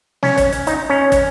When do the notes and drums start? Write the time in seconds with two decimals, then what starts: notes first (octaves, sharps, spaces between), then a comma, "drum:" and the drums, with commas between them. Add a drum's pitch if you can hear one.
0.23 C#4, drum: snare
0.38 drum: kick, hi-hat
0.52 drum: hi-hat
0.67 D#4, drum: hi-hat
0.90 C#4
1.12 drum: kick, hi-hat